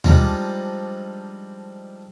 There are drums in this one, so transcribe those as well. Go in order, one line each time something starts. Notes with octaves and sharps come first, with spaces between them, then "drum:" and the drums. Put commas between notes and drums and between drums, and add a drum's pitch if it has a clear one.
F3 G3 G#3 C4 D4 D#4, drum: tom D#2